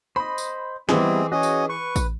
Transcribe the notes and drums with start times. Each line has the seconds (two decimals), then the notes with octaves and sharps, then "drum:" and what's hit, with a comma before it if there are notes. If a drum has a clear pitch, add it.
0.16 C5 D#5 B5
0.38 drum: tambourine
0.89 E3 G3 B3 C4 E4 G#4 D#5, drum: snare
1.32 C#4 F#4 C#5 D#5
1.43 drum: tambourine
1.69 B4 C#6
1.96 drum: kick A1, tambourine